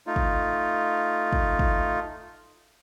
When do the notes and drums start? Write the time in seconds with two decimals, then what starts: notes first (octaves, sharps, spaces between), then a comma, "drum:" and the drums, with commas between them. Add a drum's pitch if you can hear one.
0.07 A3 D#4 F4
0.16 drum: kick
1.33 drum: kick
1.59 drum: kick